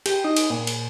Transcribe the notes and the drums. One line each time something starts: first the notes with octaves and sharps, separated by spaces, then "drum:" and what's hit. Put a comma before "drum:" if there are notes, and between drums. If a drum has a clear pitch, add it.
G4, drum: cymbal
D#4
drum: cymbal
A#2
drum: cymbal